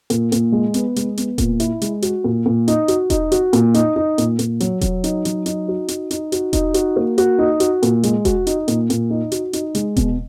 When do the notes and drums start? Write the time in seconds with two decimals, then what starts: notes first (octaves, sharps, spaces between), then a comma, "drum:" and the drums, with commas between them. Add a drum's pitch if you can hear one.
0.10 A#2, drum: hi-hat
0.32 A#2, drum: hi-hat
0.52 G#3
0.74 B3, drum: hi-hat
0.96 G#3, drum: hi-hat
1.17 B3, drum: hi-hat
1.38 A#2, drum: kick E1, hi-hat
1.60 E4, drum: hi-hat
1.82 G#3, drum: hi-hat
2.02 F#4, drum: hi-hat
2.24 A#2
2.46 A#2
2.68 D#4, drum: hi-hat
2.88 F#4, drum: hi-hat
3.10 D#4, drum: kick E1, hi-hat
3.32 F#4, drum: hi-hat
3.53 A#2, drum: hi-hat
3.74 D#4, drum: hi-hat
3.96 D#4
4.18 A#2, drum: hi-hat
4.39 A#2, drum: hi-hat
4.60 F#3, drum: hi-hat
4.81 F#3, drum: kick E1, hi-hat
5.04 D#4, drum: hi-hat
5.25 F#3, drum: hi-hat
5.46 D#4, drum: hi-hat
5.68 F#4
5.88 D#4, drum: hi-hat
6.11 D#4, drum: hi-hat
6.32 F#4, drum: hi-hat
6.53 D#4, drum: kick E1, hi-hat
6.74 F#4, drum: hi-hat
6.96 A#3
7.18 F#4, drum: hi-hat
7.39 D#4
7.60 F#4, drum: hi-hat
7.83 A#2, drum: hi-hat
8.03 G#3, drum: hi-hat
8.25 F#4, drum: kick E1, hi-hat
8.47 D#4, drum: hi-hat
8.68 A#2, drum: hi-hat
8.90 A#2, drum: hi-hat
9.10 D#4
9.32 F#4, drum: hi-hat
9.53 D#4, drum: hi-hat
9.75 G#3, drum: hi-hat
9.96 B2, drum: kick E1, hi-hat